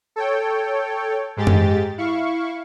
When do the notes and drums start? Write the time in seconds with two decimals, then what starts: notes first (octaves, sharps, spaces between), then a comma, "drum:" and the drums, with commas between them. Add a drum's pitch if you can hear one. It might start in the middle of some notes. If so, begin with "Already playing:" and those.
0.16 A4 C#5 G5
1.37 G#2 G#3 G4 A6
1.47 drum: tom F#2
1.98 E4 F5 C#6